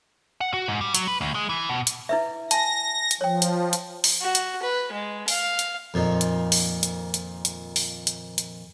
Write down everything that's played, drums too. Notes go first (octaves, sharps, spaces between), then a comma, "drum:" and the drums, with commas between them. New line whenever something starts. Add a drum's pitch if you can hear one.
F#5
F#4
G#2
G3
F#3, drum: hi-hat
B4
D2
G#3
E3
B2
drum: hi-hat
E4 B4 E5
G#5 A5 A#6, drum: hi-hat
drum: hi-hat
F3 C#5 G5
drum: hi-hat
drum: hi-hat
drum: open hi-hat
F#4
drum: hi-hat
B4
G#3
F5, drum: open hi-hat
drum: hi-hat
F2 A#2 D#3
drum: hi-hat
drum: open hi-hat
drum: hi-hat
drum: hi-hat
drum: hi-hat
drum: open hi-hat
drum: hi-hat
drum: hi-hat